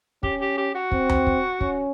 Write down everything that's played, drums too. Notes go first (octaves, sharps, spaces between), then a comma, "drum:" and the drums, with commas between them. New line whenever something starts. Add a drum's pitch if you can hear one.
C#4 G4, drum: kick
G4
G4
F#4
C4, drum: kick
drum: tom D#2
drum: kick
C#4, drum: kick